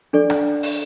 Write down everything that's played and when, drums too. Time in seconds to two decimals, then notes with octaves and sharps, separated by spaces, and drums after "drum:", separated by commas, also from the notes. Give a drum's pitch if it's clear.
0.13 D4 A4 D5
0.30 drum: rim click
0.63 drum: open hi-hat